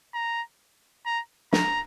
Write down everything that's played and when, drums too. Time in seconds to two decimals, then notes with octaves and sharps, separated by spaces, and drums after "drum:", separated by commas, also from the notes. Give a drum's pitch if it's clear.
0.14 A#5
1.06 A#5
1.53 A#5, drum: snare